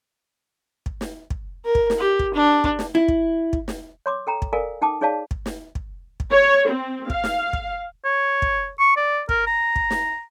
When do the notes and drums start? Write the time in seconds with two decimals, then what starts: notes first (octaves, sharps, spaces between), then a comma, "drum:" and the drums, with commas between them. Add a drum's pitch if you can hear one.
0.86 drum: kick
1.01 drum: snare
1.30 drum: kick
1.65 A#4
1.75 drum: kick
1.90 drum: snare
1.99 G4
2.19 drum: kick
2.34 D4
2.64 drum: kick
2.79 drum: snare
2.95 E4
3.08 drum: kick
3.53 drum: kick
3.68 drum: snare
4.06 C#5 C6 D6
4.27 A4 G5 A#5
4.42 drum: kick
4.53 A4 A#4 D5 F5 G#5
4.81 D#4 G5 A5 D6 D#6
5.01 D#4 G#4 C#5 D5 F5 A5
5.31 drum: kick
5.46 drum: snare
5.75 drum: kick
6.20 drum: kick
6.31 C#5
6.68 C4
7.10 F5, drum: kick
7.24 drum: snare
7.53 drum: kick
8.04 C#5
8.42 drum: kick
8.79 C#6
8.96 D5
9.29 A#4, drum: kick
9.46 A#5
9.76 drum: kick
9.91 drum: snare